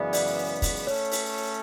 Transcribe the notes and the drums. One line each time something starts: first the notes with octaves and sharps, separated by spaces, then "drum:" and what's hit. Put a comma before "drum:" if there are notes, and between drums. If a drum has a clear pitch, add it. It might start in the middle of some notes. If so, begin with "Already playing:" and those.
Already playing: F#2 C#3 E3 G#3 B3 D5 E5
D5, drum: open hi-hat
drum: kick, open hi-hat
A3 C#4 C#5
drum: open hi-hat